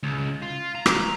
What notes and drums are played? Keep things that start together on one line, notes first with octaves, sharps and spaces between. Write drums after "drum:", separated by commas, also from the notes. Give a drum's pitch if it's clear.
C#2
F4
A#5
drum: rim click